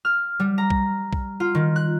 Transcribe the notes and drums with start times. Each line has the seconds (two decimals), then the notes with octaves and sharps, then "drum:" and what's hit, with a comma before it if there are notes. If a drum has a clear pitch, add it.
0.05 F6
0.40 G3
0.58 A#5
0.70 drum: kick B1
1.13 drum: kick B1
1.40 F4
1.55 D#3
1.76 F#6